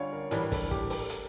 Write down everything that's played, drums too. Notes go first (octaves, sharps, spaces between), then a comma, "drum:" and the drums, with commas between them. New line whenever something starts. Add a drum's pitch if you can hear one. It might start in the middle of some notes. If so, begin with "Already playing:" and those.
Already playing: D3 G3 C#4 F4 C#5 D5 F5
A#4
A2 E3 G3 D4 A#4, drum: hi-hat
A4, drum: kick, open hi-hat
G4, drum: kick
drum: open hi-hat
drum: hi-hat